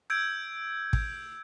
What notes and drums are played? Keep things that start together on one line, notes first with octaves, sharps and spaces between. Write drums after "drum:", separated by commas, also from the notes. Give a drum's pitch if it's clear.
E6 G6 G#6 D7
drum: kick